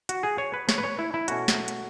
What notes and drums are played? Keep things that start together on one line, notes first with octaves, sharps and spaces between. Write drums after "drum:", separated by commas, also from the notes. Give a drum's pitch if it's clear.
F#4, drum: hi-hat
G#4
C#5
B4
C#5, drum: snare
B4
C#5
E4
E4
B2 A3 C#4 F#4, drum: hi-hat
drum: snare
drum: hi-hat